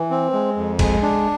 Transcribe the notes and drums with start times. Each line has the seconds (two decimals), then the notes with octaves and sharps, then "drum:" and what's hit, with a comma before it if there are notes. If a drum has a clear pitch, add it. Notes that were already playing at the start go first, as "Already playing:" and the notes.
Already playing: E3
0.11 C4
0.33 G#3
0.56 F2
0.79 G#3, drum: kick, cymbal
1.02 D4